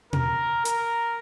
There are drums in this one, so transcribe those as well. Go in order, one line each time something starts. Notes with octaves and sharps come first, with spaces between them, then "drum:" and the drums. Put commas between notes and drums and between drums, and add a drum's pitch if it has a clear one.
A#4, drum: tom B2
A#4, drum: hi-hat